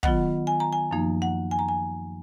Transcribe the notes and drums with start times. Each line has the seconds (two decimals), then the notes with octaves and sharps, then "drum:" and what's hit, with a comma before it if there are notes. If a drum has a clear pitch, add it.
0.03 D#3 F#3 B3 F4 F#5, drum: kick
0.47 G#5
0.60 A#5
0.73 G#5
0.91 F#2 F3 A#3 D#4
1.22 F#5
1.51 G#5
1.59 A#5
1.69 G#5